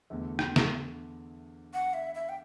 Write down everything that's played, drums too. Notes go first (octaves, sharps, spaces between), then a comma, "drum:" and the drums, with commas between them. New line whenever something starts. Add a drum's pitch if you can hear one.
E2 D3 A3
drum: rim click
drum: snare
F#5
E5
E5
G5